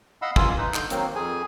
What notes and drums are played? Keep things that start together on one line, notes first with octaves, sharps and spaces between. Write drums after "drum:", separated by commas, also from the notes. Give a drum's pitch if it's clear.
D#5 F5 F#5 B5 E6
E3 A#3 F4 G#5 E6, drum: kick
D#4 B4
D3 G6, drum: clap
D#3 F#3 A#3 C4, drum: hi-hat
F2 G#4 G#5